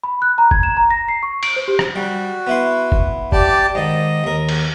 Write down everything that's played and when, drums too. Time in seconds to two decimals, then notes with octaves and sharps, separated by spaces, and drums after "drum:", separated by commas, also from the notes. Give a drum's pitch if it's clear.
0.03 B5
0.22 F#6
0.38 A#5
0.51 G#6, drum: kick
0.63 E7
0.77 A#5
0.90 A#6
1.08 C7
1.23 C#6
1.43 D7, drum: cymbal
1.56 C5
1.68 G4
1.79 drum: rim click
1.96 G3 F#4
2.47 B3 E4 C6
2.92 drum: kick
3.32 G4 D5 A5, drum: kick
3.75 G#2 D#3 D#5
4.24 D#2 A#4
4.49 drum: cymbal